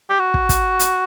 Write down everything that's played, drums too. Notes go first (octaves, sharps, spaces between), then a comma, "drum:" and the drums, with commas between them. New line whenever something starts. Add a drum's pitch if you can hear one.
G4
F#4
drum: kick
drum: kick, hi-hat
drum: hi-hat